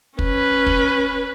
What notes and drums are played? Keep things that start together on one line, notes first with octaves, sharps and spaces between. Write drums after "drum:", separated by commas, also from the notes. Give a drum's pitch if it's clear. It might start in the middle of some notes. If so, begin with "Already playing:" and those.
C#4 B4, drum: kick
drum: kick